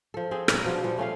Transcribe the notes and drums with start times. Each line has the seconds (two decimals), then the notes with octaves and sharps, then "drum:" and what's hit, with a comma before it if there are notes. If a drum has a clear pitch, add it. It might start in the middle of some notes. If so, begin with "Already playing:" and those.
0.14 F3 A4
0.31 C4 G#4
0.48 A#2 A#4 B4, drum: rim click
0.65 B2 F3 D4 F4
0.84 A#2 F3 G3
0.98 A3 C#4 F4 F5